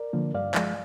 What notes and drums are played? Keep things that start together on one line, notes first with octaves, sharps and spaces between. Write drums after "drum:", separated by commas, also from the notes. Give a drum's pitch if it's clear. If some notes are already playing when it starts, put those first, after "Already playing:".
Already playing: A#4 D5
D3 F3 A#3
G2 D5 F5
F3 G#3, drum: clap